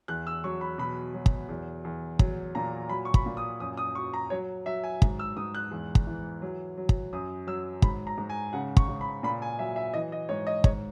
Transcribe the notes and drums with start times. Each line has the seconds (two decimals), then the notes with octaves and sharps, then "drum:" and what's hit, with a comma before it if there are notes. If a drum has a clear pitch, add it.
0.08 E2 F#6
0.27 E6
0.44 F#3 C#6
0.61 B5
0.78 B2 B5
1.14 F#3
1.26 drum: kick
1.49 E2
1.84 E2
2.19 F#3, drum: kick
2.55 A#2 A#5
2.89 F#3 B5
3.05 C#6
3.14 B5, drum: kick
3.26 A#2
3.37 D#6
3.60 F#2 D#6
3.77 D#6
3.95 F#3 C#6
4.14 A#5
4.30 F#3 C#5
4.66 F#3 E5
4.84 G#5
5.02 G#2, drum: kick
5.19 E6
5.37 G#2 D#6
5.55 F#6
5.71 E2
5.95 drum: kick
6.07 E3
6.42 F#3
6.78 F#3
6.89 drum: kick
7.13 F#2 D#6
7.47 F#3 E6
7.82 G#2 B5, drum: kick
8.07 A#5
8.18 G#2
8.30 G#5
8.53 C#3 F#5
8.77 C#6, drum: kick
8.88 C#3
9.01 B5
9.23 A#2 B5
9.42 G#5
9.59 F#3 E5
9.76 E5
9.94 E3 D#5
10.12 D#5
10.29 G#2 C#5
10.47 D#5
10.64 G#2 C#5, drum: kick